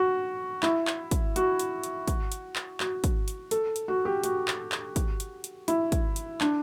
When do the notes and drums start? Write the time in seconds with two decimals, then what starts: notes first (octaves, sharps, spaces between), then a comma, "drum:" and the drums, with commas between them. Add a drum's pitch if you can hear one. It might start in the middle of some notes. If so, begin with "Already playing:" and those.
Already playing: F#4
0.63 E4, drum: clap
0.87 drum: clap
1.11 drum: kick, hi-hat
1.36 F#4, drum: hi-hat
1.59 drum: hi-hat
1.84 drum: hi-hat
2.08 drum: kick, hi-hat
2.32 drum: hi-hat
2.56 drum: clap
2.80 F#4, drum: clap
3.04 drum: kick, hi-hat
3.28 drum: hi-hat
3.51 A4, drum: hi-hat
3.76 drum: hi-hat
3.88 F#4
4.05 G4
4.24 F#4, drum: hi-hat
4.48 drum: clap
4.72 drum: clap
4.96 drum: kick, hi-hat
5.20 drum: hi-hat
5.44 drum: hi-hat
5.68 E4, drum: hi-hat
5.92 drum: kick, hi-hat
6.16 drum: hi-hat
6.41 D4, drum: clap